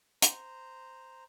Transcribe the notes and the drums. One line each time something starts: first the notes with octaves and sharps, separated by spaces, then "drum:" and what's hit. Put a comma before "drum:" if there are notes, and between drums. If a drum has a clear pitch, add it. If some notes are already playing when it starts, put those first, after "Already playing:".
C5 A#5, drum: hi-hat